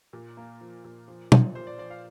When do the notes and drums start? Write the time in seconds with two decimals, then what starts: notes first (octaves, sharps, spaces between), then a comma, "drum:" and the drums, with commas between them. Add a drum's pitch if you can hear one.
0.13 A#2
0.37 A#3
0.61 F3
0.84 A#2
1.08 F3
1.32 F3, drum: tom
1.55 A#2 C5
1.67 D5
1.78 F3 D5
1.90 F5